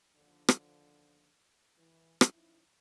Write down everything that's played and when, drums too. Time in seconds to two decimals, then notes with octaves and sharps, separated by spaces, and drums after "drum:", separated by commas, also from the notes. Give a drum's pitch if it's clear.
0.15 D#2 D3 F3
0.49 drum: rim click
1.78 E3
2.21 drum: rim click
2.32 F3 C#4 D#4 E4